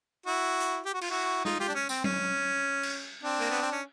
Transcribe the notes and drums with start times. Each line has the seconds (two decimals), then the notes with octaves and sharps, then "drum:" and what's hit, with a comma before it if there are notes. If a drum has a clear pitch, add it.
0.26 E4 F#4
0.60 drum: hi-hat
0.85 G4
0.94 F#4
1.01 F4, drum: cymbal
1.10 E4 F#4
1.45 D#4 F4, drum: snare
1.60 F4 G4
1.68 D4
1.75 C#4
1.89 C4, drum: tambourine
2.04 C#4, drum: tom F#3
2.83 drum: cymbal
3.23 C4 D4
3.40 A#3
3.50 B3
3.62 C4
3.71 C#4